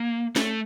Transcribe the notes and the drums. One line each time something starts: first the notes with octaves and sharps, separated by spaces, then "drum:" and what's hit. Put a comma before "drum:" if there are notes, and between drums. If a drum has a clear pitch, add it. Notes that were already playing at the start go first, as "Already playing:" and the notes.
Already playing: A#3
A3, drum: snare